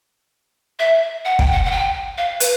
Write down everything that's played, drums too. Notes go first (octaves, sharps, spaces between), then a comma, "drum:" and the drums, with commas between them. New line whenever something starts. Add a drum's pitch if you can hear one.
E5
F#5
G5, drum: kick
F#5
F#5
G5
F5
B4, drum: hi-hat